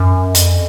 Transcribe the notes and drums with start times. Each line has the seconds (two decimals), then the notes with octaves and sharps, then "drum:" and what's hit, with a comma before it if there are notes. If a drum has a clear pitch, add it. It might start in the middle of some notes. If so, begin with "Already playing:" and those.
Already playing: F#2
0.35 F2, drum: hi-hat